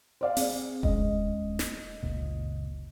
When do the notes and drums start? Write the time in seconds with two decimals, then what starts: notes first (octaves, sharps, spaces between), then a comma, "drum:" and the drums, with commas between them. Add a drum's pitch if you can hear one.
0.21 C5 D5 F5
0.37 C4 G#4, drum: open hi-hat
0.83 D#1 G#3 C#4 D#5, drum: kick E1
1.59 drum: snare
2.03 F#1 C#2 A#2